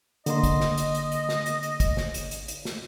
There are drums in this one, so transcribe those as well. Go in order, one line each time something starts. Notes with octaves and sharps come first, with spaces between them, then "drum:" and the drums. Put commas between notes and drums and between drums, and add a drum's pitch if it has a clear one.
D3 A#3 D#5 C6, drum: hi-hat
drum: kick, hi-hat
drum: snare
drum: hi-hat
drum: hi-hat
drum: hi-hat
drum: snare
drum: hi-hat
drum: hi-hat
drum: kick, hi-hat
drum: snare
drum: hi-hat
drum: hi-hat
drum: hi-hat
drum: snare